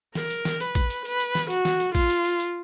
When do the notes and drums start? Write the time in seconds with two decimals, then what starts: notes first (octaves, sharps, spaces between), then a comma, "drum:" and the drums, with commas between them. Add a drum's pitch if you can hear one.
0.15 A#4, drum: snare
0.30 drum: hi-hat
0.45 drum: snare
0.60 B4, drum: hi-hat
0.75 drum: kick, hi-hat
0.90 drum: hi-hat
1.05 B4, drum: hi-hat
1.20 drum: hi-hat
1.35 drum: snare
1.50 F#4, drum: hi-hat
1.65 drum: snare
1.80 drum: hi-hat
1.95 F4, drum: kick, hi-hat
2.10 drum: hi-hat
2.25 drum: hi-hat
2.40 drum: hi-hat